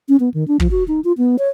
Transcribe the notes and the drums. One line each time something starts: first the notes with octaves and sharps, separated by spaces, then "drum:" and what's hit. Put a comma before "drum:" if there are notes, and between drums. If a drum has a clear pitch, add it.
C#4
B3
D#3
D4
F3, drum: kick
F#4
D#4
F4
B3
C#5